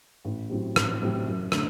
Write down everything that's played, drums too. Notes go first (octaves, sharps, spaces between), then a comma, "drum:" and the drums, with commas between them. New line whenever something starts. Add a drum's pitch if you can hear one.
A1
A2 F#3 C4 G4
A1, drum: rim click
A2 F#3 C4 G4
F#2
D3 A3, drum: rim click